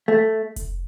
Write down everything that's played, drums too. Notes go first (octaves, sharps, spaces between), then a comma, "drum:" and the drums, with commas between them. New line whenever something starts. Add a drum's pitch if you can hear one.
A3
drum: kick F1, hi-hat